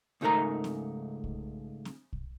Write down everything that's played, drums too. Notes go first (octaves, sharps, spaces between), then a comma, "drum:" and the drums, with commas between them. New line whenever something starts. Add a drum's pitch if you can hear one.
C#2 G#2 A3 D#4 A#4 A#5
drum: snare C4
drum: kick
drum: snare C4
drum: kick